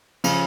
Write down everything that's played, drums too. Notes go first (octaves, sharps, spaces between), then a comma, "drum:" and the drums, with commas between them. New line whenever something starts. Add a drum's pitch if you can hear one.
C#3 F3, drum: cymbal